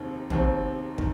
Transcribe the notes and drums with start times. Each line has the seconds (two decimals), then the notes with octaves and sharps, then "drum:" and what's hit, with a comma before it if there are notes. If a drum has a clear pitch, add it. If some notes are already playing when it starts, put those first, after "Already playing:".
Already playing: F1 D#2 D#3 C4
0.30 F1 D#2 D#3 C4, drum: tom
0.98 D#3, drum: kick